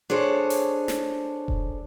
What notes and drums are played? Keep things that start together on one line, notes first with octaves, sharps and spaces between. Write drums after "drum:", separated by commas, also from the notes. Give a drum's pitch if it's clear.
D4 G#4 A4 C5 C#5
drum: open hi-hat
drum: snare
drum: kick E1